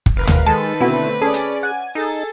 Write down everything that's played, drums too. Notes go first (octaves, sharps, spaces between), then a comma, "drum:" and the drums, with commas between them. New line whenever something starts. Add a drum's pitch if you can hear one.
drum: kick
F#1 A#4 B4 F5
drum: tom D2
D#3 G#3 A4 B4 A5
B2 D3 A3 B3 C4 E4
C#4 G#4 A4 D5
drum: hi-hat
F#5 G#5
D#4 G#4 A4 A6